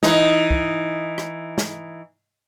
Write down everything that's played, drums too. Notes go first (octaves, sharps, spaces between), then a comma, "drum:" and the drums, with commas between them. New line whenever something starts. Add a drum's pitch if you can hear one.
E3 D#4, drum: snare
drum: kick
drum: rim click
drum: snare